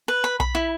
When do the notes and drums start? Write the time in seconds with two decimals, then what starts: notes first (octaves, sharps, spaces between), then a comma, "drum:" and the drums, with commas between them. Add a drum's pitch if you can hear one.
0.08 B4
0.24 B5
0.40 B5, drum: kick B1
0.55 E4